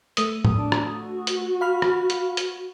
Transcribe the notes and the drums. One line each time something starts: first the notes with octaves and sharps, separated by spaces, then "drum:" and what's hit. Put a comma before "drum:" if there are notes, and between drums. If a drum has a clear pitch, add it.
A3 D#6, drum: hi-hat
drum: tom A2
D4
drum: rim click
F#4
drum: hi-hat
F5 B5 F6
drum: rim click
drum: hi-hat
drum: hi-hat